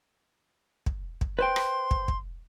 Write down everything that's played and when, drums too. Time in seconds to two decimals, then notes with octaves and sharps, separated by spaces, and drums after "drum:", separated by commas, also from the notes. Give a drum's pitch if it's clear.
0.86 drum: kick
1.21 drum: kick
1.39 B4 C5 G5 C6
1.56 drum: rim click
1.91 drum: kick
2.08 drum: kick